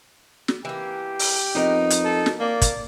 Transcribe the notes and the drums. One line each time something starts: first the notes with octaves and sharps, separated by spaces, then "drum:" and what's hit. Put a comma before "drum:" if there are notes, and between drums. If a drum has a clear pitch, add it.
drum: snare
E3 A#3 G4
drum: open hi-hat
F2 B3 D#4 A#4 D#5
drum: hi-hat
A4
drum: snare
A#3 D5
drum: kick, hi-hat